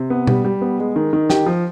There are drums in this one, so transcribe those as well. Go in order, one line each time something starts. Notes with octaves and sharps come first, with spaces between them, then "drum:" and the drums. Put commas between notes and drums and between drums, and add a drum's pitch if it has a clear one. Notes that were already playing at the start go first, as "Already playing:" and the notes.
Already playing: C3
B3
G3, drum: tom B2
G3
B3
G#3
D#3
D#3
G4, drum: snare
F3